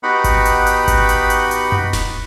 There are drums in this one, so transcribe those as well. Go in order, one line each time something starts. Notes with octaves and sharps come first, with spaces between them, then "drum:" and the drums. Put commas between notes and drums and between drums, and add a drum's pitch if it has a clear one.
B3 D#4 F#4 G4 F#5 B5
drum: kick G#1, hi-hat
drum: hi-hat
drum: hi-hat
drum: kick G#1, hi-hat
drum: hi-hat
drum: hi-hat
drum: hi-hat
drum: tom F#2
drum: snare D#1